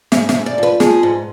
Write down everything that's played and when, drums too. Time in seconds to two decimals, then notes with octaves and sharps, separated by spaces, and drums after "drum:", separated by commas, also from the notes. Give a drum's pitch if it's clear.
0.12 G#2 E5, drum: snare
0.29 E5, drum: snare
0.35 G#2
0.46 D5
0.58 F3 B4
0.80 F3 G#4, drum: snare
1.03 G#2